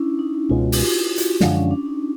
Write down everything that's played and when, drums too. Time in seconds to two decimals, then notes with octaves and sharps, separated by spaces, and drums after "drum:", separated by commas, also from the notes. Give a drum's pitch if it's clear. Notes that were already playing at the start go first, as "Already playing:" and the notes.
Already playing: C#4 D4 E4
0.19 D#4
0.35 D#4
0.49 C#2 B2 G#3 C#4 F4
0.61 F#4
0.72 G4, drum: open hi-hat
0.84 F4
0.95 E4
1.18 F#4, drum: hi-hat
1.40 F#2 D3 F3 G#3 D4, drum: snare
1.56 C#4
1.71 D4
1.86 D#4